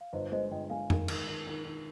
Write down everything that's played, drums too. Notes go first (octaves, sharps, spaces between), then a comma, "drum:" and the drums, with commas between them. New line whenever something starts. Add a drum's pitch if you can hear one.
F5
G1 C5 D#5
G#3 C5 D#5
G1 D#5 G5
G#3 F5 G#5
D#3, drum: tom F2
D#3, drum: cymbal
D#3
D#3
D#3